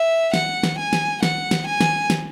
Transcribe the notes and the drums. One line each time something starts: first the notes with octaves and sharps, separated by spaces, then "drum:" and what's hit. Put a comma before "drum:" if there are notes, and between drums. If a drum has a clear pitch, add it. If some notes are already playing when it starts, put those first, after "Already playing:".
Already playing: E5
F#5, drum: snare
drum: snare
G#5
drum: snare
F#5, drum: snare
drum: snare
G#5
drum: snare
drum: snare